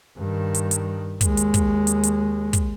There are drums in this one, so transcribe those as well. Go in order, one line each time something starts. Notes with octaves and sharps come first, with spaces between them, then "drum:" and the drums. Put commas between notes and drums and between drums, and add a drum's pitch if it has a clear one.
G2 D#3
drum: hi-hat
drum: hi-hat
D#2 G#3, drum: kick, hi-hat
drum: hi-hat
drum: kick, hi-hat
drum: hi-hat
drum: hi-hat
drum: kick, hi-hat